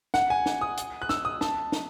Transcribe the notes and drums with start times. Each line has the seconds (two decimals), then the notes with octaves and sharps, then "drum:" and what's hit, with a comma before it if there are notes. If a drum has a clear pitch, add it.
0.14 F#5, drum: snare
0.30 G#5
0.46 drum: snare
0.61 D#6
0.77 drum: hi-hat
1.02 F#6
1.09 E6, drum: snare
1.25 D#6
1.41 A5, drum: snare
1.72 drum: snare